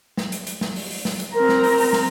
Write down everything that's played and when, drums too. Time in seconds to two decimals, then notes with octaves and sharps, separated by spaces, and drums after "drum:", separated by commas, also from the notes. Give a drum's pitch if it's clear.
0.17 drum: snare
0.32 drum: hi-hat
0.47 drum: hi-hat
0.61 drum: snare
0.76 drum: open hi-hat
0.90 drum: open hi-hat
1.05 drum: snare
1.20 drum: hi-hat
1.34 C4 A#4 A#5
1.49 drum: snare
1.64 drum: open hi-hat
1.78 drum: open hi-hat
1.93 drum: snare